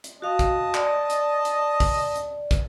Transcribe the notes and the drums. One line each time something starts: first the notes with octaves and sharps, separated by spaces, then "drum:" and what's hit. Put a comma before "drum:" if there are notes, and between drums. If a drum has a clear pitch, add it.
drum: hi-hat
F#4 D#5 F5 A5
drum: kick, hi-hat
D5, drum: clap
drum: hi-hat
drum: hi-hat
drum: kick, open hi-hat
drum: hi-hat
drum: kick, hi-hat